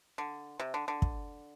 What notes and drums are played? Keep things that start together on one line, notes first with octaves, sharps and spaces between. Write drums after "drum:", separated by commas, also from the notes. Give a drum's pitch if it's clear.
D3
C3
D3
D3
drum: kick